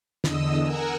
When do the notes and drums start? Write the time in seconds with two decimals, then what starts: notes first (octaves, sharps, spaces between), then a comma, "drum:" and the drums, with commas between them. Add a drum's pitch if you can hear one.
0.24 E2 D3 D#5 D#6 E6, drum: snare
0.64 A#4 F#5 G#5 A#5 E6